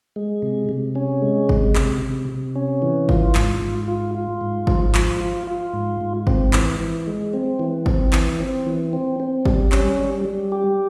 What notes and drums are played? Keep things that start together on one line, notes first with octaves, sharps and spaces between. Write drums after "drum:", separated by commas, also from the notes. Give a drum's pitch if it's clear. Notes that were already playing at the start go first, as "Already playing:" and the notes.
G#3
C3
C3
C#4
G#3
C3, drum: kick G#1
C3, drum: clap
C3
C3
C#4
E3
F4, drum: kick G#1
G#2, drum: clap
G#2
F4
F4
G#2
F3, drum: kick G#1
F4, drum: clap
F4
F4
G#2
G#2
C4, drum: kick G#1
E3, drum: clap
E3
G#3
C4
E3
C4, drum: kick G#1
E3, drum: clap
C4
E3
C4
C4
G3, drum: kick G#1
C#4, drum: clap
G3
G3
G4